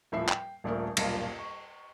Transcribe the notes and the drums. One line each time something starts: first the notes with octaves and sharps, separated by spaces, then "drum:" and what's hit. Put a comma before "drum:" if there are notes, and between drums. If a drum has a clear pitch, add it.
D#1 A2 F3 E5 C7
G5, drum: clap
D#1 A#1 A3 A#4
D#1 B1 G2 A#3 F4 C#7, drum: cymbal
C#6